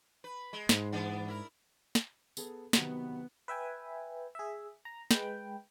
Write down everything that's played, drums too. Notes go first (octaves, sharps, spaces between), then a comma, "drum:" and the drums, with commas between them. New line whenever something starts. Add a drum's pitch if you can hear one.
B4
G#3
G#2, drum: snare
E3 B3 D4
E4 A#4
drum: snare
B3 G#4 A4, drum: tambourine
C3 D#3 F#3 B3, drum: snare
B4 E5 G5 G#5
G#4 E5
A#5
G#3 B4 G5, drum: snare